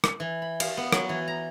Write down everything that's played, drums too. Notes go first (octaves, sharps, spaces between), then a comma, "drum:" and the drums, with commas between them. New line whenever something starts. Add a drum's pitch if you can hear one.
drum: rim click
E3
B5
F5, drum: cymbal
B3
F#3, drum: rim click
E3
A#5